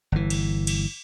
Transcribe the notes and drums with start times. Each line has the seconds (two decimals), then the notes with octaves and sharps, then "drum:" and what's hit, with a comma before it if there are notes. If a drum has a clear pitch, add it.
0.12 G1 E3
0.30 drum: cymbal
0.67 drum: cymbal